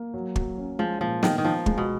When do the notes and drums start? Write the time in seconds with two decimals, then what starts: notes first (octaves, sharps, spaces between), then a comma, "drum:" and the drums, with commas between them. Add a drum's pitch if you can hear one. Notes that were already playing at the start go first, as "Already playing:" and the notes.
Already playing: A#3
0.14 F#3
0.36 F#3, drum: kick
0.57 C#4
0.79 F3 G#3
1.01 A#2 F3
1.23 D#3 B3, drum: snare
1.38 D#3
1.45 F3 D#4
1.66 G#3, drum: kick
1.78 B2